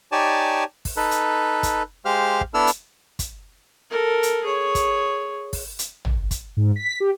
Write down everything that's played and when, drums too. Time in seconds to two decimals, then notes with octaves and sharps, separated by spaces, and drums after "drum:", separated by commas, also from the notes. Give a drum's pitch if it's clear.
0.12 D#4 G4 C#5 D5 G#5 A5
0.85 drum: kick, open hi-hat
0.97 D#4 A4 B4
1.11 drum: hi-hat
1.63 drum: kick, hi-hat
2.05 G#3 G4 C5 F5 F6
2.41 drum: kick
2.54 B3 D4 E4 A4 E6 F6
2.67 drum: hi-hat
3.19 drum: kick, hi-hat
3.90 A4 A#4
4.23 drum: hi-hat
4.44 G#4 C#5
4.75 drum: kick, hi-hat
5.53 drum: kick, open hi-hat
5.79 drum: hi-hat
6.05 drum: tom
6.31 drum: kick, hi-hat
6.57 G#2
6.76 B6
7.00 G4